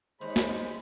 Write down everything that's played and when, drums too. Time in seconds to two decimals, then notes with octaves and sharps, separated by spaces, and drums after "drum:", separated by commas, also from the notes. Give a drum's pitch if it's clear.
0.21 D#2 G#3 C5 B5
0.36 drum: snare